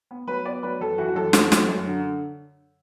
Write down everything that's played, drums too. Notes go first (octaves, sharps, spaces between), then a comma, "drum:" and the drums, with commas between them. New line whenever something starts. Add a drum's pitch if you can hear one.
B3
F#3 B4
B3 D5
F#3 B4
F#2 A4
E3 F#4
F#4
F#2 A4
A3, drum: snare
F#2, drum: snare
F#2
D3